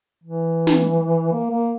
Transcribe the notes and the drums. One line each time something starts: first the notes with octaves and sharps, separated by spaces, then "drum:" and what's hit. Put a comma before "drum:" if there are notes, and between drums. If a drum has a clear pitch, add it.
E3
drum: snare
A#3
A#3